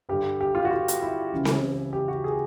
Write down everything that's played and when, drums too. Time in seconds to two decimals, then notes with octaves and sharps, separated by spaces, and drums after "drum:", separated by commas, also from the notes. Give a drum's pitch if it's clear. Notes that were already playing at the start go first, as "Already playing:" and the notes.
0.09 G2 D3 G4
0.41 G4
0.55 F4
0.65 F#4
0.71 F4
0.88 drum: hi-hat
1.02 E4
1.32 C#2 C#3 E3
1.45 drum: snare C4
1.93 G4
2.08 F#4
2.24 G#4